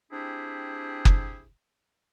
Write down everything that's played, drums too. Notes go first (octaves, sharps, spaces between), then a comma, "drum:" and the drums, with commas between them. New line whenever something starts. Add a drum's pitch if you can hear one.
C4 D4 E4 G4 G#4
drum: kick F#1